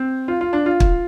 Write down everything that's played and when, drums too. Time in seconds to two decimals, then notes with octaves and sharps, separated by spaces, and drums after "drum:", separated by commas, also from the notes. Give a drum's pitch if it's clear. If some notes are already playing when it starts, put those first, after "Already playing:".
Already playing: C4
0.28 F4
0.41 F4
0.53 D4
0.66 F4
0.80 drum: kick